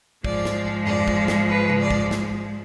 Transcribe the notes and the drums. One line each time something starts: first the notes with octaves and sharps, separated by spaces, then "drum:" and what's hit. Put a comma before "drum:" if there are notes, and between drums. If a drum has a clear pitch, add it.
G#2 F3 G#3 D5, drum: kick
drum: snare
D5, drum: tom F2
drum: kick
drum: snare
B4
drum: tom C#3
D5
drum: kick
drum: snare